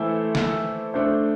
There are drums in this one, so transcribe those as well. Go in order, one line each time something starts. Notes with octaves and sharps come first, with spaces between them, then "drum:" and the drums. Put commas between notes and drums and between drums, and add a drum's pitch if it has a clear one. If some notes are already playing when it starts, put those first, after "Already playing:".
Already playing: E3 A3 E4 A4 C5
drum: snare
A3 D4 C5